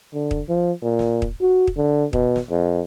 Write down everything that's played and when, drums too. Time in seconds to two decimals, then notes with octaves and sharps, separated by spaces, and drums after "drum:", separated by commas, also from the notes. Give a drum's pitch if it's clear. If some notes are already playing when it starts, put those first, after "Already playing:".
0.13 D3
0.31 drum: kick
0.49 F3
0.82 A#2
0.99 drum: snare
1.22 drum: kick
1.41 F#4
1.67 drum: kick
1.77 D3
2.13 B2, drum: kick
2.36 drum: snare
2.50 F2